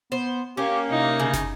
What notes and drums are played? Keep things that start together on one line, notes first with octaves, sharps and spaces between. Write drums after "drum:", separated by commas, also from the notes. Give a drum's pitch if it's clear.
B3 C5
A#3 C#4 G4
C3 D#4
C#3
drum: snare